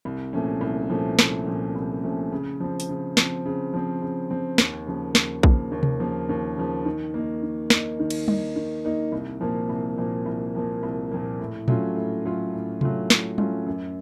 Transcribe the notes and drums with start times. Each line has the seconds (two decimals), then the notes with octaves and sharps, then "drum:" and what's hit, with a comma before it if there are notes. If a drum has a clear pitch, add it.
0.05 C2
0.33 A#2 F3 A3 C#4
0.61 C2
0.90 A#2 F3 A3 C#4
1.19 C2, drum: snare
1.46 A#2 F3 A3 C#4
1.75 C2
2.03 A#2 F3 A3 C#4
2.32 C#3
2.60 F3 C4
2.80 drum: hi-hat
2.89 C#3
3.17 F3 C4, drum: snare
3.46 C#3
3.74 F3 C4
4.02 C#3
4.30 F3 C4
4.58 D#2, drum: snare
4.86 C#3 F3 A#3
5.15 D#2, drum: snare
5.43 C#3 F3 A#3, drum: kick A#1
5.72 D#2
5.83 drum: tom C3
6.00 C#3 F3 A#3
6.29 D#2
6.57 C#3 F3 A#3
6.85 D#3
7.14 A#3 D#4
7.42 D#3
7.70 A#3 D#4, drum: snare
8.00 D#3
8.10 drum: cymbal
8.28 A#3 D#4, drum: tom G3
8.56 D#3
8.85 A#3 D#4
9.12 C2
9.40 A#2 F3 A#3
9.69 C2
9.98 A#2 F3 A#3
10.26 C2
10.55 A#2 F3 A#3
10.83 C2
11.11 A#2 F3 A#3
11.40 A2
11.68 F#3 A3 C#4 F4, drum: tom A#2
11.96 A2
12.25 F#3 A3 C#4 F4
12.53 A2
12.81 F#3 A3 C#4 F4, drum: tom C3
13.10 A2, drum: snare
13.38 F#3 A3 C#4 F4, drum: tom G3
13.66 F#2